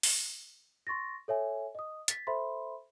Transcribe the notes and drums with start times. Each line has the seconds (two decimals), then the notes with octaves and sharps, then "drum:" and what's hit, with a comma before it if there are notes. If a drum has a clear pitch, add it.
0.03 drum: open hi-hat
0.87 C6 C#6 A6 A#6
1.28 A4 C#5 E5 G#5
1.75 D#5 D#6
2.08 A6 B6, drum: hi-hat
2.27 A4 C5 E5 B5 C6